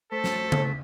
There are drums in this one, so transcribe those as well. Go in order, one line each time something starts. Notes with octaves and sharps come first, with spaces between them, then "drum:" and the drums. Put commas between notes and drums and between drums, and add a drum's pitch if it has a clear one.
A3 A4 C5 B6
drum: snare
drum: tom C#3